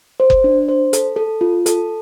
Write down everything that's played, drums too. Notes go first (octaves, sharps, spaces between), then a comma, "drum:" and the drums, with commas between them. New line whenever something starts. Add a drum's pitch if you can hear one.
C5
drum: kick F#1
D4
C5
A4, drum: hi-hat
A4
F4
A4, drum: hi-hat